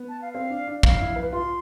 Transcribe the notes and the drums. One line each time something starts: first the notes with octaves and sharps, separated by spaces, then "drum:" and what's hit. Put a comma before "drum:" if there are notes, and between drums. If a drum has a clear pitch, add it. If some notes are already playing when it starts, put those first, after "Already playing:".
Already playing: B3
A5
F5
C4 F5
D4
D4
D4 F5, drum: kick
E4
B4
F4 C6